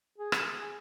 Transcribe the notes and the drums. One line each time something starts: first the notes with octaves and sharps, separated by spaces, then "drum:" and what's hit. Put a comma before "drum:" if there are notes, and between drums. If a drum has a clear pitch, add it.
G#4
drum: rim click